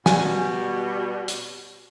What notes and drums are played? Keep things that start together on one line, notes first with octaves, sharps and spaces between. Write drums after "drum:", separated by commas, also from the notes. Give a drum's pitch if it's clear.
B2 G3 G#5, drum: snare
drum: hi-hat